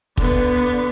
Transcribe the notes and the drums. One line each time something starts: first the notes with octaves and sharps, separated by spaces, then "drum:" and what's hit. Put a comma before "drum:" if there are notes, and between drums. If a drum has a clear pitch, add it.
D3 B3, drum: kick